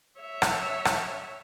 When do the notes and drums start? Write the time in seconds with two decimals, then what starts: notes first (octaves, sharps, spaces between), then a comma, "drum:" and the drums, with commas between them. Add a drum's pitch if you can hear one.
0.20 C#5 E5
0.42 drum: rim click
0.85 drum: rim click